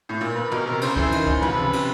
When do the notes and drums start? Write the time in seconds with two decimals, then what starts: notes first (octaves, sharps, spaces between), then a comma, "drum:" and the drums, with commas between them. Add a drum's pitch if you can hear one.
0.09 A2
0.21 A#2
0.36 A#2 B4
0.51 B2 A#4, drum: tom
0.66 C3 A#4
0.81 C#3 C5, drum: cymbal
0.96 E3 A4 C5, drum: kick C#2
1.12 D#3, drum: cymbal
1.27 E3, drum: kick C#2
1.42 F3 B4, drum: tom
1.53 C3
1.58 C#3
1.73 C3, drum: cymbal